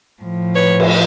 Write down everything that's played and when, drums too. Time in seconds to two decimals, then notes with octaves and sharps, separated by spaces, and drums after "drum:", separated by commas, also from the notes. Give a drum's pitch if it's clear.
0.20 A2 F3
0.55 B4 C#5
0.80 drum: cymbal